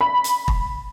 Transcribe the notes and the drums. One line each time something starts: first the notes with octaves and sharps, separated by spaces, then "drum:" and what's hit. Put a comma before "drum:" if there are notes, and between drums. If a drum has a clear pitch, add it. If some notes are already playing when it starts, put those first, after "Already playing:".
B5
drum: hi-hat
drum: kick